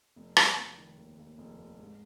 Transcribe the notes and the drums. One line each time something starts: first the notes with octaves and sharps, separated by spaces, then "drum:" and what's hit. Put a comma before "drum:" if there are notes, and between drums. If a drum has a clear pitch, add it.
F1
F1, drum: rim click
F1
D#3
D#2
D#2
F1
D#2
G#2